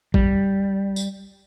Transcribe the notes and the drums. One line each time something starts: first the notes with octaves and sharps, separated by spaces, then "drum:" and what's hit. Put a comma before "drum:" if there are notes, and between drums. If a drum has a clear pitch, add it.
G3, drum: kick
drum: tambourine